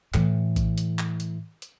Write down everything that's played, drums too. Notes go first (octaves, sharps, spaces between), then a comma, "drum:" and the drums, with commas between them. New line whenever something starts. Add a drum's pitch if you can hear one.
A2 E3, drum: clap
drum: kick A#1, hi-hat
drum: hi-hat
drum: clap
drum: hi-hat
drum: hi-hat